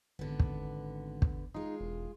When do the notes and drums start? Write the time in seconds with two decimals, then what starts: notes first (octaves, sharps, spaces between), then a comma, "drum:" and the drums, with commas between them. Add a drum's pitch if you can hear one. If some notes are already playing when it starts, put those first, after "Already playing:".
0.19 G#1 D3 B3
0.40 drum: kick
1.22 drum: kick
1.54 G#3 D#4 F4
1.81 E1